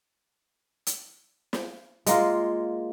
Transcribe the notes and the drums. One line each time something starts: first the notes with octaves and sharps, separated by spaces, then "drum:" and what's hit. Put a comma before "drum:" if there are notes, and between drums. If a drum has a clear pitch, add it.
drum: hi-hat
drum: snare
G#3 A#3 F4, drum: hi-hat